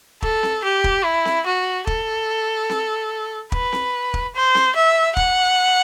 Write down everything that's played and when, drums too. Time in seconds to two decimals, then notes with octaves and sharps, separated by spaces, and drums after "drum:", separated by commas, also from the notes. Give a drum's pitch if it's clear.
0.22 A4, drum: kick
0.43 drum: snare C4
0.64 G4
0.84 drum: kick
1.04 E4
1.25 drum: snare C4
1.46 F#4
1.87 A4, drum: kick
2.69 drum: snare C4
3.52 B4, drum: kick
3.72 drum: snare C4
4.14 drum: kick
4.35 C5
4.55 drum: snare C4
4.75 E5
5.17 F#5, drum: kick